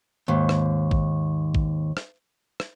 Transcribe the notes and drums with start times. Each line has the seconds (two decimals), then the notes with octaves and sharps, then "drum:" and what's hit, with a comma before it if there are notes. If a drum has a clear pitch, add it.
0.28 D#2 G#2
0.49 drum: rim click
0.91 drum: kick A1
1.55 drum: kick A1
1.97 drum: rim click
2.60 drum: rim click